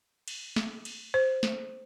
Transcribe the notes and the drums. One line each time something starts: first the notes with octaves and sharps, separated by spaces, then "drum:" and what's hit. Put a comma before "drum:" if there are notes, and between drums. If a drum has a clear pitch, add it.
drum: cymbal
drum: snare
drum: cymbal
C5
drum: snare